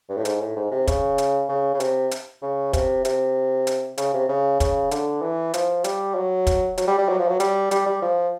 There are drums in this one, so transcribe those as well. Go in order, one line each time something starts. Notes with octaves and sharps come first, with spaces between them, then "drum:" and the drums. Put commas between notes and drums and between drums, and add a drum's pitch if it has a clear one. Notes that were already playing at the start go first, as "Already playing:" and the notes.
G2
A2
G#2, drum: hi-hat
A2
G#2
C3
C#3, drum: kick, hi-hat
drum: hi-hat
C#3
C#3
C3, drum: hi-hat
drum: hi-hat
C#3
C3, drum: kick, hi-hat
C3, drum: hi-hat
drum: hi-hat
C#3, drum: hi-hat
C3
C#3
C#3, drum: kick, hi-hat
D3, drum: hi-hat
E3
F3, drum: hi-hat
G3, drum: hi-hat
F#3
drum: kick, hi-hat
F#3, drum: hi-hat
G3
G3
F#3
F3
F#3
G3, drum: hi-hat
G3, drum: hi-hat
G3
F3